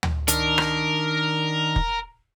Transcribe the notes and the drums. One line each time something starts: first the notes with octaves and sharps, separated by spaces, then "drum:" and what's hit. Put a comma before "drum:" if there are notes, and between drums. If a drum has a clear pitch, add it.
drum: tom D2
D#3 D4 A#4, drum: hi-hat
drum: rim click
drum: kick